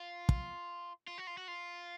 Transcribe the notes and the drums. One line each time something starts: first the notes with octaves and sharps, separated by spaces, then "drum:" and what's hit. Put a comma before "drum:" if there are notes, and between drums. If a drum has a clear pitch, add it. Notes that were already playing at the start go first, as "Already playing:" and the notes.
Already playing: F4
drum: kick
F4
F#4
F4
F#4
F4